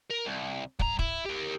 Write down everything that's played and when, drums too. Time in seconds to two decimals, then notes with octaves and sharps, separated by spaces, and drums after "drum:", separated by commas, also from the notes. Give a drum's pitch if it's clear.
0.10 A#4
0.25 C2
0.79 G2 A#5, drum: kick
0.99 E4, drum: kick
1.25 G4 A#4